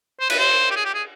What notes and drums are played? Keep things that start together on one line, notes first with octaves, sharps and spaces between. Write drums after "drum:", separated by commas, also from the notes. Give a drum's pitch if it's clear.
C5
B4, drum: cymbal
C5
G4
G#4
G4
G#4